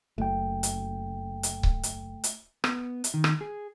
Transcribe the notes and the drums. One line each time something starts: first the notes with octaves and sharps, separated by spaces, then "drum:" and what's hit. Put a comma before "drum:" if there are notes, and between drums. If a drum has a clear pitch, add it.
F#1 A3 G5
drum: hi-hat
drum: hi-hat
drum: kick C#1
drum: hi-hat
drum: hi-hat
B3, drum: rim click
drum: hi-hat
D#3
drum: rim click
G#4